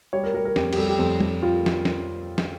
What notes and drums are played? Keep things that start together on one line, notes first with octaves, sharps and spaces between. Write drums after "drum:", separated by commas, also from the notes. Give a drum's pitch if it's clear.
G3 C#5
A#4
G3 A#4
A#4
F2 G4, drum: snare
G4, drum: cymbal
G3 A4
G4
F2 A4
F2 G4, drum: tom
G3 F4
drum: snare
drum: snare
drum: snare